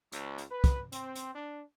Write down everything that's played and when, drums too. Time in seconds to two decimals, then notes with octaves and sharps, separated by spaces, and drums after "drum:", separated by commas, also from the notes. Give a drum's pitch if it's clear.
0.12 C#2, drum: hi-hat
0.38 drum: hi-hat
0.51 B4
0.64 drum: kick, hi-hat
0.92 C4, drum: hi-hat
1.15 drum: hi-hat
1.35 D4